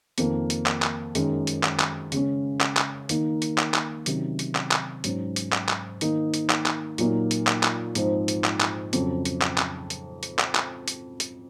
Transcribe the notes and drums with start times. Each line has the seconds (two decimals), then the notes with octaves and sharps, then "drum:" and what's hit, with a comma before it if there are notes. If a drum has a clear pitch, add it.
0.18 F2 D#3 A#3, drum: hi-hat
0.50 drum: hi-hat
0.66 drum: clap
0.82 drum: clap
1.15 F#2 D#3 G#3, drum: hi-hat
1.47 drum: hi-hat
1.63 drum: clap
1.80 drum: clap
2.12 C#3 G#3 C#4, drum: hi-hat
2.61 drum: clap
2.77 drum: clap
3.09 D#3 A#3 D#4, drum: hi-hat
3.42 drum: hi-hat
3.58 drum: clap
3.74 drum: clap
4.06 C3 D#3 F#3 C#4, drum: hi-hat
4.39 drum: hi-hat
4.55 drum: clap
4.71 drum: clap
5.04 G#2 F#3 C#4, drum: hi-hat
5.36 drum: hi-hat
5.53 drum: clap
5.69 drum: clap
6.01 D#3 A#3 D#4, drum: hi-hat
6.34 drum: hi-hat
6.50 drum: clap
6.66 drum: clap
6.98 A#2 F#3 A#3 D#4, drum: hi-hat
7.31 drum: hi-hat
7.47 drum: clap
7.63 drum: clap
7.95 G#2 F3 C4 D#4, drum: hi-hat
8.28 drum: hi-hat
8.44 drum: clap
8.61 drum: clap
8.93 F2 C#3 F#3, drum: hi-hat
9.25 drum: hi-hat
9.42 drum: clap
9.58 drum: clap
9.90 drum: hi-hat
10.23 drum: hi-hat
10.39 drum: clap
10.55 drum: clap
10.88 drum: hi-hat
11.20 drum: hi-hat